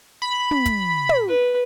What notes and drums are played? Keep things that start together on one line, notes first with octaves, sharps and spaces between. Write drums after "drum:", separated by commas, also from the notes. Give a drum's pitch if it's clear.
B5
drum: tom
drum: kick, hi-hat
drum: tom
B4